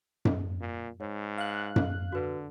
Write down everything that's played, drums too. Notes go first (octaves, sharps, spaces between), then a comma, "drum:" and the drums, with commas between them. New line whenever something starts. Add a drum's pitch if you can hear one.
drum: tom F#2
A#2
G#2 C#5
F5 F#6
drum: tom F#2
D3 F#4 B4